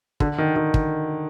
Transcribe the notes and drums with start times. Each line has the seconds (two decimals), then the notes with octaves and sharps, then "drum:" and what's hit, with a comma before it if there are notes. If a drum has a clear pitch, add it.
0.20 D3, drum: kick
0.38 D#3
0.56 D#3
0.74 drum: kick